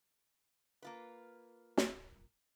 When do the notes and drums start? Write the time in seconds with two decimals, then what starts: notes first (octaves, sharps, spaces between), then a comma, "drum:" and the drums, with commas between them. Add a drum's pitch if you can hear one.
0.82 A#3 F4 B4
1.77 drum: snare